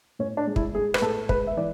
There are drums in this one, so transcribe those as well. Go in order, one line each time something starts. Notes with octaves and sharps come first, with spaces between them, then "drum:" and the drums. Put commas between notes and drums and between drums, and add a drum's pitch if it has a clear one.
A2 C#4
D4
G#3
E4, drum: kick
G#3 G#4
B4, drum: rim click
A2 A4
G#3 B4, drum: kick
E5
E3 D5